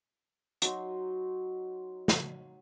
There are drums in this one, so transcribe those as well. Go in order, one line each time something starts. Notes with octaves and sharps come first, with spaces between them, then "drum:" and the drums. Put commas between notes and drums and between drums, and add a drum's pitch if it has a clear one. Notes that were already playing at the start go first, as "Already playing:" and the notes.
F#3 D#4 F#5 C6, drum: hi-hat
drum: snare